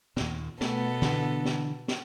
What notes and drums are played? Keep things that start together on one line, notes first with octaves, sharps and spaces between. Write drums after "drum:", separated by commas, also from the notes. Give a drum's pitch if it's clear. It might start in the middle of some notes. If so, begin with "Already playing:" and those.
D#2 A#2, drum: snare
B2 A3 B3 A4, drum: snare
D3 E3 D4, drum: snare
drum: snare
drum: snare